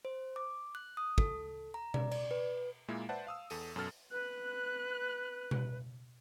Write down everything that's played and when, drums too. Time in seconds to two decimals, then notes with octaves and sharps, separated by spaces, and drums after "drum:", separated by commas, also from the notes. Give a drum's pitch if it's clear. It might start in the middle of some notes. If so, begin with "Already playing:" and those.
0.05 C5
0.36 D6
0.75 F#6
0.97 D#6
1.18 A4, drum: kick
1.74 A#5
1.94 D5, drum: tom B2
2.11 D5, drum: cymbal
2.31 B4
2.88 A#2 G#3 A#3 E4
3.09 B4 C5 D5 E5 F#5 A5
3.27 F5 D#6 E6
3.50 E2 A4 D#7, drum: open hi-hat
3.76 F#2 B2 A4 F6 A6
4.12 B4 F#6
5.51 drum: tom B2